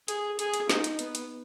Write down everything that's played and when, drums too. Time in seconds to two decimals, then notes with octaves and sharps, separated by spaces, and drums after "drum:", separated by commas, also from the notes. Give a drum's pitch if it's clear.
0.08 G#4, drum: hi-hat
0.39 G#4, drum: hi-hat
0.54 drum: hi-hat
0.69 D#4, drum: snare
0.84 drum: hi-hat
0.99 B3, drum: hi-hat
1.15 drum: hi-hat